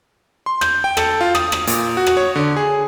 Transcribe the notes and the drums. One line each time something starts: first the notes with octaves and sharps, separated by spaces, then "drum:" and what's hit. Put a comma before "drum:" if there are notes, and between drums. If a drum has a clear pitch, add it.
C6
G6, drum: rim click
G5
A4, drum: rim click
F4
D#6, drum: rim click
drum: rim click
A#2, drum: hi-hat
F#4
drum: rim click
C#5
D3
G#4